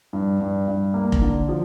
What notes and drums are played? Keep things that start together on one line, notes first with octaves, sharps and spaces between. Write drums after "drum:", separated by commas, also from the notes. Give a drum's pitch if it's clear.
G2
G2
G2
A#3
drum: kick F1
D3
F3